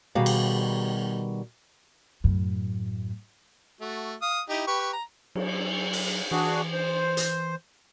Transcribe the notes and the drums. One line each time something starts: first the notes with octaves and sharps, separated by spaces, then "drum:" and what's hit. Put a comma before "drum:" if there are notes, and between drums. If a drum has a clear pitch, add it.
B2 D#3 G3 F#4 G#4 F5
drum: cymbal
F#2 A2
A3 F#4
F5 D#6
D#4 E4 G4
G4 B4 C#6
A#5
F#3, drum: cymbal
drum: open hi-hat
E3 D4 F#4 G#4
C5
drum: hi-hat